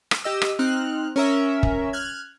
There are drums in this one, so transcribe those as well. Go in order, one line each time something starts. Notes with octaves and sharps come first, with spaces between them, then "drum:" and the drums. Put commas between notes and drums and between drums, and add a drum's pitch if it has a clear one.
drum: rim click
G4 D#5 E6
drum: rim click
C4 D#4 F6 F#6
C#4 A#4 E5
drum: kick
F6 F#6 G#6